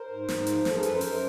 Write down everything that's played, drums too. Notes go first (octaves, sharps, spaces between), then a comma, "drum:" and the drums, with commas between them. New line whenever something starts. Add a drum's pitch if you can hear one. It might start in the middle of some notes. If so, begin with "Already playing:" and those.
Already playing: A#4 C5
G#2
G#2, drum: snare
F3, drum: hi-hat
F#2 A4, drum: snare
G#4 A#4
F#2 A4 B4, drum: hi-hat
A#4 C5
F#2, drum: open hi-hat